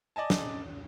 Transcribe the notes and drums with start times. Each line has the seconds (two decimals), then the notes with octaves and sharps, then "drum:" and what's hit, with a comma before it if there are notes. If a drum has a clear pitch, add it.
0.16 D5 D#5 G#5 A5
0.30 drum: snare